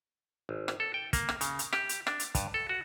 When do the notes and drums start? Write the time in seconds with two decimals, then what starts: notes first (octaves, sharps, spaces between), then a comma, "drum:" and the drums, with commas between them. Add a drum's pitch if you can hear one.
0.49 G#1
0.68 drum: rim click
0.80 A4
0.94 G5
1.13 A#3, drum: kick, hi-hat
1.29 drum: rim click
1.41 C#3, drum: hi-hat
1.59 drum: hi-hat
1.73 G4, drum: rim click
1.89 drum: hi-hat
2.07 D4, drum: rim click
2.20 drum: hi-hat
2.35 G2, drum: kick, hi-hat
2.54 A4
2.69 F#4